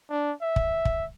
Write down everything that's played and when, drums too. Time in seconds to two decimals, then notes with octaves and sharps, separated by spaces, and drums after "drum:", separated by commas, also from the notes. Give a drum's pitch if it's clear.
0.10 D4
0.42 E5
0.56 drum: kick
0.85 drum: kick